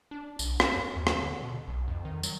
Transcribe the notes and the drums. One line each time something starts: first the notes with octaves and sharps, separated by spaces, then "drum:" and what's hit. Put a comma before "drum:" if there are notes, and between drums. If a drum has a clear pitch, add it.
D4
B1, drum: tambourine
A#4, drum: rim click
F#2
D#2
drum: rim click
D3
B2
B1
F2
D#3
F#3, drum: tambourine